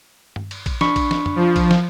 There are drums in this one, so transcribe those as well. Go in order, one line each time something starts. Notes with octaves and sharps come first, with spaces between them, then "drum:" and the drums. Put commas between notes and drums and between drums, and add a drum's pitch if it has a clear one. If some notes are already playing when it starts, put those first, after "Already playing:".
drum: tom G2
drum: cymbal
drum: kick A#1, cymbal
D4 B5 C#6, drum: snare
drum: kick A#1, cymbal
drum: snare
drum: tom
F3
drum: kick A#1, cymbal
drum: snare